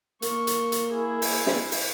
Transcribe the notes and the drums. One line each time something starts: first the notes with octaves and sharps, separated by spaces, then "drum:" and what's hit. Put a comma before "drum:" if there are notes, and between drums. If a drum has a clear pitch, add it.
A#3 C#6, drum: hi-hat
drum: hi-hat
drum: hi-hat
E4 G#4
drum: open hi-hat
drum: snare
drum: open hi-hat